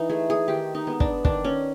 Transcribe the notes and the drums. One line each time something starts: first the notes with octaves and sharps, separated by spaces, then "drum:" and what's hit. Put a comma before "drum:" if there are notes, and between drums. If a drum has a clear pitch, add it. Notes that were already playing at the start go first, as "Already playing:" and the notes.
Already playing: E3 D#4
A3 G#4
G#4
D#3 G4
D#4
G#3 B3
D4, drum: kick
D#3 D4, drum: kick
C#4